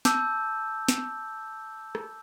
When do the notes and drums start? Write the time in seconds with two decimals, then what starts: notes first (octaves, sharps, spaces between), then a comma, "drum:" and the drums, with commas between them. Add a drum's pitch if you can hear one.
0.05 A5 D6 E6 G6, drum: snare
0.88 drum: snare
1.95 drum: rim click